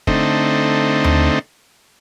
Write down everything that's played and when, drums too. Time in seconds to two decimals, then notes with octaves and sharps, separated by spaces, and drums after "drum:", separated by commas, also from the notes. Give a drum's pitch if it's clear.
0.07 D3 A3 C4 D#4, drum: kick G1
1.04 drum: tom D#2